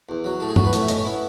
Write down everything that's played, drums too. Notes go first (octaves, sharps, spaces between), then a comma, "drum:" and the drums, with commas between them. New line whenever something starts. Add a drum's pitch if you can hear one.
E2
F#3
A2 A4
G#4
F#3 F#4, drum: tom
B4
A2 C#5, drum: hi-hat
E5
C#4 D#5, drum: hi-hat
C#5
B3 E4